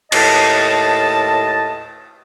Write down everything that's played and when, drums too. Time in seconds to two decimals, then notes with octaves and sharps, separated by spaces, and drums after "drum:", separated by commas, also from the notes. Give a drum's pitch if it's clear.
0.12 D#2 A2 D#5 A5, drum: cymbal